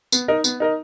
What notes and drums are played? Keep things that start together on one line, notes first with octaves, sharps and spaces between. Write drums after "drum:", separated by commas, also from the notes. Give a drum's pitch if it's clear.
B3, drum: tambourine
D#4 A#4 D#5
B3, drum: tambourine
D#4 A#4 D#5